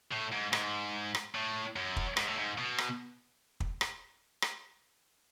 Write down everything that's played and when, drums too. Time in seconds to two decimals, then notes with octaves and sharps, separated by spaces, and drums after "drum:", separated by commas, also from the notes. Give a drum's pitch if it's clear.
0.12 A2
0.32 G#2
0.53 G#2, drum: rim click
1.15 drum: rim click
1.35 A2
1.76 F#2
1.96 drum: kick
2.17 G#2, drum: rim click
2.27 A2
2.36 G#2
2.58 B2
2.78 drum: rim click
3.60 drum: kick
3.81 drum: rim click
4.42 drum: rim click